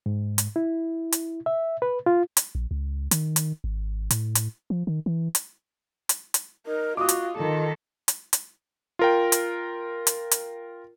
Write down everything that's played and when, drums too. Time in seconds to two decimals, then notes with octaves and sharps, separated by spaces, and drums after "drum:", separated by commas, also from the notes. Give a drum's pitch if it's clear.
0.06 G#2
0.38 drum: hi-hat
0.56 E4
1.12 drum: hi-hat
1.46 E5
1.82 B4
2.06 F4
2.37 drum: hi-hat
2.55 A#1
2.71 C#2
3.11 D#3, drum: hi-hat
3.36 drum: hi-hat
3.64 G#1
4.10 A2, drum: hi-hat
4.35 drum: hi-hat
4.70 F3
4.87 D#3
5.06 E3
5.35 drum: hi-hat
6.09 drum: hi-hat
6.34 drum: hi-hat
6.66 D#4 A#4
6.97 F4 F#4 D6 D#6
7.09 drum: hi-hat
7.38 D#3 F4 A4
8.08 drum: hi-hat
8.33 drum: hi-hat
8.99 F4 A#4 G5
9.32 drum: hi-hat
10.07 drum: hi-hat
10.31 drum: hi-hat